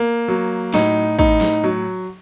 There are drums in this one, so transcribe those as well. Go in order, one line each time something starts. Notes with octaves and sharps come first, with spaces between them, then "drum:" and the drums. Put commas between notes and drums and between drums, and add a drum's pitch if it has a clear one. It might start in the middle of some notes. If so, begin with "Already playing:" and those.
Already playing: A#3
F#3
A2 D#4, drum: snare
A2 D#4, drum: kick
drum: snare
F#3